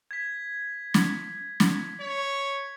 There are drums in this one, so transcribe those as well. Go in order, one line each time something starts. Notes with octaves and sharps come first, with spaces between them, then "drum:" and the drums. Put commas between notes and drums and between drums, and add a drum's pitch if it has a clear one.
G#6 B6
drum: snare
drum: snare
C#5